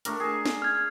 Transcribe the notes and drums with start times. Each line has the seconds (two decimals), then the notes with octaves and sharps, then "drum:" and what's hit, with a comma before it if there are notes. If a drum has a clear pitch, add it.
0.05 A3 D4 A#4, drum: hi-hat
0.20 G#4 A5
0.45 drum: snare
0.62 F6 G#6